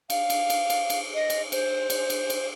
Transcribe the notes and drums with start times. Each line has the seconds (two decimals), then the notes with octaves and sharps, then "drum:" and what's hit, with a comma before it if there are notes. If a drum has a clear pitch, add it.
0.10 F5, drum: cymbal
0.30 drum: cymbal
0.50 drum: cymbal
0.70 drum: cymbal
0.90 drum: cymbal
1.14 D#5
1.30 drum: cymbal
1.52 C5, drum: cymbal
1.90 drum: cymbal
2.10 drum: cymbal
2.30 drum: cymbal